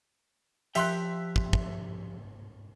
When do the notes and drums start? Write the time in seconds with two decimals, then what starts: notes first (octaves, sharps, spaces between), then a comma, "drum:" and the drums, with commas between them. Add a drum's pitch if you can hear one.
0.75 F3 G4 E5 G5 C6 F#6, drum: hi-hat
1.36 drum: kick
1.53 drum: kick